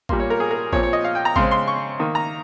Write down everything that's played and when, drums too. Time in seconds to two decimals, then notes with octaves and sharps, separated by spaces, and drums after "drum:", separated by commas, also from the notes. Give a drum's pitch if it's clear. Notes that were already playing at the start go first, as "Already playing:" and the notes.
0.09 A#2 G3 A#3 C6, drum: kick A1
0.20 C#5
0.30 A#4
0.40 G#4
0.51 A#4
0.73 A#2 F3 C4 C#5, drum: kick A1
0.83 C#5
0.93 D#5
1.04 F5
1.15 G5
1.25 A#5
1.36 C#3 G#3 C4 C6, drum: kick A1
1.51 C6
1.68 C#6
1.99 D#3 A#3
2.15 A#5